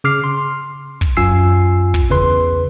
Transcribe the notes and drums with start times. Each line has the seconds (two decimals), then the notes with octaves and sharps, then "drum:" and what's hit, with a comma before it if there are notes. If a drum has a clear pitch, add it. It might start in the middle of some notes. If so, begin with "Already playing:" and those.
0.04 C#3 D6 F6 C7
0.24 C6
1.01 drum: kick
1.17 F#2 F4 G#5 E6 C7
1.94 drum: kick
2.10 E2 C#3 B4 C6